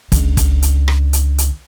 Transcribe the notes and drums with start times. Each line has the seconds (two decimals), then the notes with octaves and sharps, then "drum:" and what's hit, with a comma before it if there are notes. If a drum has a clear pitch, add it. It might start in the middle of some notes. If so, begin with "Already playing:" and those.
0.12 C#2 D3, drum: kick, hi-hat
0.37 drum: kick, hi-hat
0.62 drum: hi-hat
0.88 drum: rim click
1.13 drum: hi-hat
1.38 drum: hi-hat